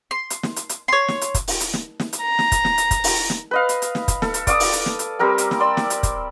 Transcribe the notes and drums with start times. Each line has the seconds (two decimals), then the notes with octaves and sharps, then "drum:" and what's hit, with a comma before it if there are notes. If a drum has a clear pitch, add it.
0.11 C6
0.30 drum: hi-hat
0.43 drum: snare
0.56 drum: hi-hat
0.69 drum: hi-hat
0.88 C#5 C6
1.08 drum: snare
1.21 drum: hi-hat
1.34 drum: kick, hi-hat
1.48 drum: open hi-hat
1.61 drum: hi-hat
1.74 drum: snare
2.00 drum: snare
2.13 drum: hi-hat
2.22 A#5
2.39 drum: snare
2.52 drum: kick, hi-hat
2.65 drum: snare
2.78 drum: hi-hat
2.91 drum: kick, hi-hat
3.04 drum: open hi-hat
3.30 drum: snare
3.51 B4 D#5 F5
3.69 drum: hi-hat
3.82 drum: hi-hat
3.95 drum: snare
4.08 drum: kick, hi-hat
4.22 A4, drum: snare
4.34 drum: hi-hat
4.47 D5 F5 D6 D#6, drum: kick, hi-hat
4.60 drum: open hi-hat
4.73 drum: hi-hat
4.86 drum: snare
4.99 drum: hi-hat
5.19 G3 C4 A#4 A#5
5.38 drum: hi-hat
5.51 drum: snare
5.60 D5 C6 E6
5.77 drum: snare
5.90 drum: hi-hat
6.03 drum: kick, hi-hat